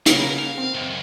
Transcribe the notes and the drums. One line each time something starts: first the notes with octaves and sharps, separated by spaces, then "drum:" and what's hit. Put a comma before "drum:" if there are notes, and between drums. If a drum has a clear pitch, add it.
C#3 A#3 B3 A#4, drum: hi-hat
F5
C4
C#2 F#2